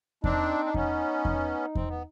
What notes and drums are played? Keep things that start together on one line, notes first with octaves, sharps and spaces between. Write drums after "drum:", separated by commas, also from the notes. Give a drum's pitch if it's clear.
C4 D4 D#4, drum: kick E2
D4
B3 C#4, drum: kick E2
drum: kick E2
C4, drum: kick E2
B3